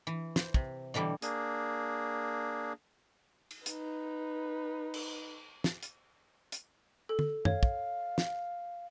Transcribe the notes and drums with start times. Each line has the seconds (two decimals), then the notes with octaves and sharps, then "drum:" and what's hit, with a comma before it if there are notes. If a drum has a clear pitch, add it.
0.07 E3
0.36 C5, drum: snare
0.54 C3, drum: kick
0.94 B2 D3 E3 G3
1.22 A#3 D4 G#4, drum: hi-hat
3.51 drum: cymbal
3.66 D#4 B4, drum: hi-hat
4.94 drum: cymbal
5.64 drum: snare
5.83 drum: hi-hat
6.52 drum: hi-hat
7.09 A4
7.19 drum: tom
7.45 C#5 F5, drum: tom F#2
7.63 drum: kick
8.18 drum: snare